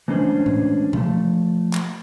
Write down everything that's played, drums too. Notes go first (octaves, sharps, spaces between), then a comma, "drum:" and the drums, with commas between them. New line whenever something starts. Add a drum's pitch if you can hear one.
E3 G#3 A3 C#4 D4 C5
drum: tom A2
F3 A3, drum: tom B2
drum: clap